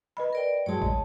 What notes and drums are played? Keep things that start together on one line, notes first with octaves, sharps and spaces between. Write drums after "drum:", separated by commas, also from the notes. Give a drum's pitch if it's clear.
B4 D#5 B5
A#4 D5 G5
A2 F#3 G#3 C#5 A5
D#5, drum: kick